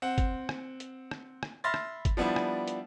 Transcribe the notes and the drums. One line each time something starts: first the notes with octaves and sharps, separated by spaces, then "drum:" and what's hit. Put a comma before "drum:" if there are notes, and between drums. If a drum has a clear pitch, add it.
C4 F#5
drum: kick, hi-hat
drum: rim click
drum: hi-hat
drum: rim click
drum: rim click
E5 B5 C6 F6 A6 A#6
drum: rim click
drum: kick, hi-hat
F3 G3 B3 D4 E4
drum: rim click
drum: hi-hat